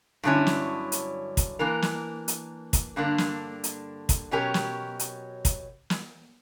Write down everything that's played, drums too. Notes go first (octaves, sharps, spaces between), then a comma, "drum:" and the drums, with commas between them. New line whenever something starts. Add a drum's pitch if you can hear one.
G2 D3 F#3 C#4 E4
drum: snare
drum: hi-hat
drum: kick, hi-hat
E3 A#3 D4 A#4
drum: snare
drum: hi-hat
drum: kick, hi-hat
G2 D3 A#3 D4
drum: snare
drum: hi-hat
drum: kick, hi-hat
B2 F#3 C#4 G4 A#4
drum: snare
drum: hi-hat
drum: kick, hi-hat
drum: snare